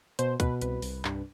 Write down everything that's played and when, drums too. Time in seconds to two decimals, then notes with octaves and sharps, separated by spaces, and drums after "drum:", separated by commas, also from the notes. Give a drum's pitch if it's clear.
0.19 B2 C5, drum: hi-hat
0.40 B2 B4, drum: kick, hi-hat
0.61 C2 B4, drum: hi-hat
0.82 C2, drum: open hi-hat
1.05 G2, drum: clap